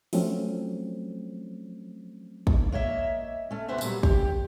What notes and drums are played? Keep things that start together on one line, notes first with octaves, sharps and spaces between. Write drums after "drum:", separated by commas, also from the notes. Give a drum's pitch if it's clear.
F3 F#3 A3 C4 C#4, drum: open hi-hat
drum: kick
A#3 C#5 D#5 E5
A3 C#4
D2 C3 B3 C5 E5
A#2 F#3 G3, drum: tambourine
G4, drum: kick